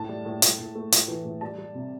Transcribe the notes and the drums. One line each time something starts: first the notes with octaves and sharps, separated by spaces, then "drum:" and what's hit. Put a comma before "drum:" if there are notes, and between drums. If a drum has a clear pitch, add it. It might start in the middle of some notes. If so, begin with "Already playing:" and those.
Already playing: A2 A5
G3
A2
A2, drum: hi-hat
A2
A3
A2, drum: hi-hat
E3
A2
G3 A5
G3
C3